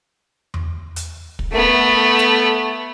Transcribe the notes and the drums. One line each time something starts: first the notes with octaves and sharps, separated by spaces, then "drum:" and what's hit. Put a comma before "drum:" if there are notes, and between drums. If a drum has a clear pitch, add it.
drum: tom E2
drum: hi-hat
drum: kick
A3 B3
drum: snare